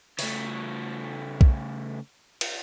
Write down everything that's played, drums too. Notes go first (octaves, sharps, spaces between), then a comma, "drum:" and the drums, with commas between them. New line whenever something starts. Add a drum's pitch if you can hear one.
C#3 A3, drum: open hi-hat
drum: kick B1
drum: cymbal